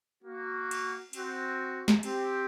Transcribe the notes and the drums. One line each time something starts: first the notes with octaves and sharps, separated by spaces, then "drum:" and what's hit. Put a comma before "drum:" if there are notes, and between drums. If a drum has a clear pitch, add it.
A#3 F#4
drum: cymbal
C4 F#4, drum: cymbal
drum: snare
C4 G4, drum: cymbal